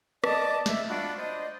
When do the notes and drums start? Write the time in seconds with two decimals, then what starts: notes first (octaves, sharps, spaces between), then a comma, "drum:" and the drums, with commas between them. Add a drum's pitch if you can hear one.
0.24 D5 D#5 A5 D6, drum: rim click
0.66 E5, drum: snare
0.88 D4 F4 F#4 B5
1.16 C5 D5 D#5